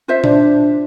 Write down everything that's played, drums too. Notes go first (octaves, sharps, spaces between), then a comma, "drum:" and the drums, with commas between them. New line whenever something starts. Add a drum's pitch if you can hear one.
F4 C5 E5
D4, drum: tom A#2